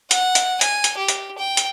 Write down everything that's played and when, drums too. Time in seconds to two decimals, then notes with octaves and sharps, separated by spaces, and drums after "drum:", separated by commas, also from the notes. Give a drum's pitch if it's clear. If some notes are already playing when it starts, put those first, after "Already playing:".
0.11 F#5, drum: hi-hat
0.35 drum: hi-hat
0.61 G#5, drum: hi-hat
0.84 drum: hi-hat
0.97 G4
1.08 drum: hi-hat
1.38 G5
1.57 drum: hi-hat